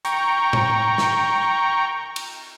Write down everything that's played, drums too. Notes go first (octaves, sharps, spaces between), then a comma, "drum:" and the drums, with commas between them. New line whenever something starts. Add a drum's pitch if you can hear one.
G5 A#5 C#6, drum: hi-hat
drum: tom A2
drum: snare
drum: cymbal